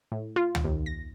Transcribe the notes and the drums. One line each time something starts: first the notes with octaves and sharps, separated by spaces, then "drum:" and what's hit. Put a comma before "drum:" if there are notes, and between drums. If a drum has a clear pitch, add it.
A2
F4
drum: tom
D#2
A#6